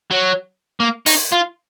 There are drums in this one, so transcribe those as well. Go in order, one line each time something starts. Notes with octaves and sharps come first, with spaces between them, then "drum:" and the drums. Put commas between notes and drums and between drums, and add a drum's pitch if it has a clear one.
F#3
A#3
D#4, drum: open hi-hat
F4